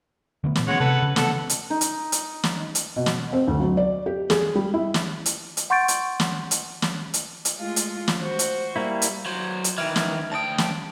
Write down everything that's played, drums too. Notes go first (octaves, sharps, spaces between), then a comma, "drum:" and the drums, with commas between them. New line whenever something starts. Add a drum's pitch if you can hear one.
D3 A3 B3
A#2 E3 B3, drum: snare
G#3 A3 B3 C#4 C#5 F#5
C3 A4 B4 F#5
C#3
E3 A3 B3 A4 F#5, drum: snare
drum: hi-hat
D#4
drum: hi-hat
drum: hi-hat
drum: snare
drum: hi-hat
B2
drum: snare
C4
D2
F#3
D5
G4
G#4, drum: snare
G3
E4
drum: snare
drum: hi-hat
drum: hi-hat
F#5 C6 C#6 G6 A6 D7
drum: hi-hat
drum: snare
drum: hi-hat
drum: snare
drum: hi-hat
drum: hi-hat
G#3 A3 F4
drum: hi-hat
drum: snare
F#4 C5
drum: hi-hat
G3 A#3 E4
drum: hi-hat
F#3 C5
drum: hi-hat
D#3 E3 E5 F6 G#6
drum: snare
D2 G5 A5 D#6
drum: snare